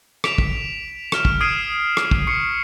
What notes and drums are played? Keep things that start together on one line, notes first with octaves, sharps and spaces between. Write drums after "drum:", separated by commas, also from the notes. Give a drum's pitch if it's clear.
B6 D7 E7 F7, drum: rim click
drum: kick
F6 E7, drum: rim click
drum: kick
D#6 F6 G#6 C7 D7 D#7
drum: rim click
drum: kick
C#6 C7 C#7